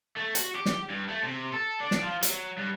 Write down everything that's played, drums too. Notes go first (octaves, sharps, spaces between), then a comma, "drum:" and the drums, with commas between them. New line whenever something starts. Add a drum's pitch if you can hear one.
A3
F#4, drum: hi-hat
G4
drum: snare
G2
A3
C3
A4
D4
drum: snare
F3
F#3, drum: hi-hat
G2